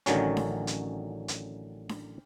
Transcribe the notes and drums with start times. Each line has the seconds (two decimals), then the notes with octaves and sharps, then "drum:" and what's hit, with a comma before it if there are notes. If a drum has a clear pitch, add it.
0.06 A1 D3 D#3 F#3 C#4, drum: hi-hat
0.37 drum: snare D4
0.67 drum: hi-hat
1.28 drum: hi-hat
1.89 drum: snare D4